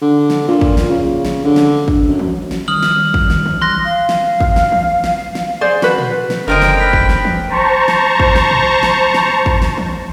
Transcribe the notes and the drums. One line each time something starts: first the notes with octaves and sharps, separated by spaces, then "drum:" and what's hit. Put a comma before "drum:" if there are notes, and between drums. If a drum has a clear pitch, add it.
D3
drum: snare
A#2
drum: kick
drum: snare
C#3
drum: snare
D3
drum: snare
drum: kick
F#2
drum: tom E3
drum: snare
D#3 G3 D#6 F6 F#7
drum: snare
drum: kick
drum: snare
drum: tom E3
E3 G3 C6 F#6 A#6
F5
drum: snare
drum: kick
drum: snare
drum: tom E3
drum: snare
drum: snare
G#4 C5 D5
F#4 B4, drum: snare
drum: tom A#2
drum: snare
F#1 D3 A#4 C5 D#5 G5
drum: snare
B4
drum: kick
drum: snare
drum: tom E3
C5 A5 A#5 C#6
drum: snare
drum: kick
drum: snare
drum: tom A#2
drum: snare
drum: snare
drum: kick
drum: snare
drum: tom E3